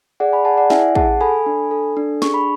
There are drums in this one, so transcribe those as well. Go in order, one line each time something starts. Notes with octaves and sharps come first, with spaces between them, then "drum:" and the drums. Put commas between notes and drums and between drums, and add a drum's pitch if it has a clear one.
G#4 D5 F#5
G#5 B5
G#4 F#5 A5
D5 F#5
E4 E5 G#5, drum: snare
G#4 F#5 A5, drum: kick
A4 G#5 B5
D4
A4
D4
G#4 C#6, drum: snare
B5